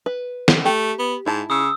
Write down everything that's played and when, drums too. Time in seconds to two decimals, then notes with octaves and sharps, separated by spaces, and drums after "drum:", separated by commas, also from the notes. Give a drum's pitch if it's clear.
0.06 B4
0.48 drum: snare
0.65 A3 G4
0.99 B3
1.26 G#2 E4 A5
1.50 C#3 D#6 E6